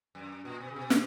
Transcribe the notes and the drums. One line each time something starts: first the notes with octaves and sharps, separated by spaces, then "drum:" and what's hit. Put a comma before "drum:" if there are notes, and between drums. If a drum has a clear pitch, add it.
F#2
A#2
B2
C#3
B2
drum: snare